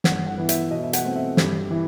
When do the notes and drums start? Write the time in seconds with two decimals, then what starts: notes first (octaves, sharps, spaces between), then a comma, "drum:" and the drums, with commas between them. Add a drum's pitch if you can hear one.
0.04 G2 F#5, drum: snare
0.26 F#5
0.38 E3 B3
0.49 E5, drum: hi-hat
0.71 B2 D#5
0.84 E5
0.93 F#5, drum: hi-hat
1.04 A3 C4
1.16 E5
1.37 G2 G4, drum: snare
1.71 E3